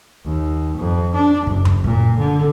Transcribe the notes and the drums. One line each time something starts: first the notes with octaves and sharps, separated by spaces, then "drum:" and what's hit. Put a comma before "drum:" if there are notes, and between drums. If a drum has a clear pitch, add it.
D#2
F2
D4
F#1, drum: kick
drum: tom F#2
A#2, drum: kick
D3